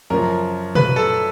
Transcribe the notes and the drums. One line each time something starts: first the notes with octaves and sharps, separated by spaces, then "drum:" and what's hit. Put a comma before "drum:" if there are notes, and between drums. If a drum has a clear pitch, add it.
F#2 C#3 F3 A#4
B4, drum: tom
A4